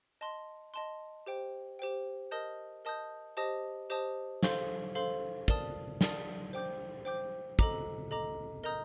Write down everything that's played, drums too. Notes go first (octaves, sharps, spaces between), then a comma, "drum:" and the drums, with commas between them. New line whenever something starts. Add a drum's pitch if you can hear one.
D#5 A5 C6
D#5 A5 C6
G4 C5 G5
G4 C5 G5
A#4 D#5 A5 D#6 G6
A#4 D#5 A5 D#6 G6
G4 C5 D#5 A5 D#6
G4 C5 D#5 A5 D#6
A4 C5 F5 C6 G6, drum: snare
A4 C5 F5 C6 G6
A#4 D5 A5 D#6, drum: kick
A#4 D5 A5 D#6, drum: snare
C5 G5 D6 G6
C5 G5 D6 G6
A4 D#5 A#5 D6, drum: kick
A4 D#5 A#5 D6
A#4 D#5 A#5 D#6 G6